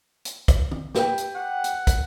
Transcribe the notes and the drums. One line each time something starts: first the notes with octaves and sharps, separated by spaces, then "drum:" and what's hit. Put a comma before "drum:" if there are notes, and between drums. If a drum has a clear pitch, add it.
drum: hi-hat
drum: kick, hi-hat
drum: tom
G4 B4 G5, drum: snare
drum: hi-hat
F#5
drum: hi-hat
drum: kick, hi-hat